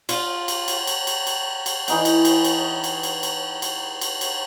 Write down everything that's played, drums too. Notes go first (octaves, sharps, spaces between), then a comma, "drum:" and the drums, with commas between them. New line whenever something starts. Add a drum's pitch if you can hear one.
F4, drum: cymbal
drum: cymbal
drum: cymbal
drum: cymbal
drum: cymbal
drum: cymbal
drum: cymbal
E3 D#4 G5, drum: cymbal
drum: cymbal
drum: cymbal
drum: cymbal
drum: cymbal
drum: cymbal
drum: cymbal
drum: cymbal
drum: cymbal
drum: cymbal